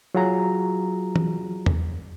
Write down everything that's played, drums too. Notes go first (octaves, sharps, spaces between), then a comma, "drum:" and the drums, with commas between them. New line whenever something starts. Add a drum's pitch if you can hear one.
F#3 F4 F#4 G#4 A#5
drum: tom E3
drum: tom E2